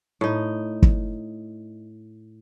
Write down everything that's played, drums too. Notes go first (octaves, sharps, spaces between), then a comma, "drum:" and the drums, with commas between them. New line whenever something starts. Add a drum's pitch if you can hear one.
A2 D#4
drum: kick